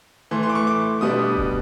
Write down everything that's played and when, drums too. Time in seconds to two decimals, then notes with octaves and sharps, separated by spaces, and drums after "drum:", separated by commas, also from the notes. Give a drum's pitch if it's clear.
0.31 A2 E3 A3 C6
0.43 C6
0.49 D6
0.55 C#6
0.67 D6
1.01 B2 G3 B3 D4 D#6
1.37 drum: kick D#1